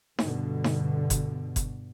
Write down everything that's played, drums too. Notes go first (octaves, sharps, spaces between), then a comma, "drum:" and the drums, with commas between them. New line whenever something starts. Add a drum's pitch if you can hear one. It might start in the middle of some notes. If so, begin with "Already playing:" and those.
G2 B2 D3, drum: snare D#4
drum: snare D#4
drum: kick F#1, hi-hat
drum: kick F#1, hi-hat